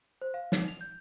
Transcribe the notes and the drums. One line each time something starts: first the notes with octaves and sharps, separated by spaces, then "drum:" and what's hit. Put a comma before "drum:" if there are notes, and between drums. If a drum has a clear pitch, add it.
C5
F5
D#4, drum: snare
F7
G6